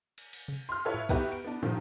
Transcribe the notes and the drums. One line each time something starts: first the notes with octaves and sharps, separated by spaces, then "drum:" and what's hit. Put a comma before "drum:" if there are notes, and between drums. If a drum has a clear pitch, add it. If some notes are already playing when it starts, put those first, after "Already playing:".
drum: cymbal
drum: cymbal
drum: tom C3
C6 F6
E4 F4 A4 B4 C#5 E5
drum: tom G2
B3 D#4 F#4 G4 B4 E5, drum: kick, cymbal
D7
B3 D4
G2 A#2 D3 D#3 F3